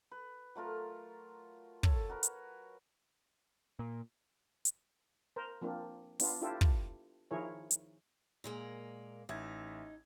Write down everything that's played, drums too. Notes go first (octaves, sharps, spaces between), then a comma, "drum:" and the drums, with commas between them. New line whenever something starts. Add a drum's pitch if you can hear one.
B4
F#3 A3 F4 A#4
A4 C#5, drum: kick
F#4 A#4 B4
drum: hi-hat
A#2
drum: hi-hat
A#4 C5
F3 A#3 C4 D4
B3 D4 F4, drum: open hi-hat
D4 E4 F4 G4 A4
drum: kick
D#3 F3 E4 G#4 A#4 C#5
drum: hi-hat
A#2 G#3 A#3
A1 D#4 E5 G#6